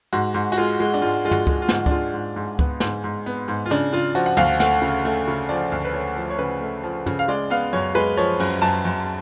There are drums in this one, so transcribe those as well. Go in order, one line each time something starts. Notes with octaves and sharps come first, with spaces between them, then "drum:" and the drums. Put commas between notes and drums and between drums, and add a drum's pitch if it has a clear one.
G#2 F#4
G#2
F#4, drum: hi-hat
G#3 F4
G#3
D4
G#2 F4
G#3 F4
F#4, drum: tom
G#3, drum: kick C#2
F4
G#2, drum: snare
D4, drum: kick C#2
G#3 F4
G#2
G#2
B3, drum: kick C#2
G#2, drum: snare
G#2
B3
G#2
F4
C#3 D4
C#3 F4
F3 F#4
F#5
D2 F5, drum: tom
A3 F#5, drum: snare
C#3
A3
C#3
F3 D5
D2
B4
A3 C#5
F3
C#5
C#3 B4
A3
F3
C#3, drum: tom
F5
G#3 D5
B3 F5
F#2 C#5
G#3 B4
F3 C#5
F#2, drum: cymbal
F#2 A5
F#2